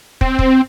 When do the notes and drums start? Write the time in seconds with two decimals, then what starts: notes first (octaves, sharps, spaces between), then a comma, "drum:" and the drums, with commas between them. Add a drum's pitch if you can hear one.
0.21 C4, drum: kick
0.39 drum: kick